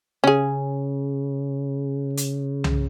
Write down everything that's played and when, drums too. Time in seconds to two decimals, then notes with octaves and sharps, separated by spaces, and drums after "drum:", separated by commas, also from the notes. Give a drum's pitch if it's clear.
0.24 C#3 C#4 G#4
2.17 drum: hi-hat
2.64 drum: tom C2